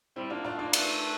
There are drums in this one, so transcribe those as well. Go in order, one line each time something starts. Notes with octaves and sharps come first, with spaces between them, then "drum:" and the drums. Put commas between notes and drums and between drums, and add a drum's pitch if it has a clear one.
G3 C4 E4
A#3 D4 F4
A3 D4 F4
A#3 D4 F4
A3, drum: cymbal